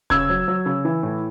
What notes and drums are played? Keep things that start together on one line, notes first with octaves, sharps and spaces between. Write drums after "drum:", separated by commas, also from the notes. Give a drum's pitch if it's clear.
C#3 E6 G#6, drum: kick E1
F#3
F#3
C#3
E3
A2